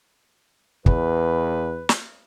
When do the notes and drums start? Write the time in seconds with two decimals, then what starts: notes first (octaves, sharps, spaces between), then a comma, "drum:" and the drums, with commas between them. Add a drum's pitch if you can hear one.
0.86 E2 B4, drum: kick
1.89 drum: snare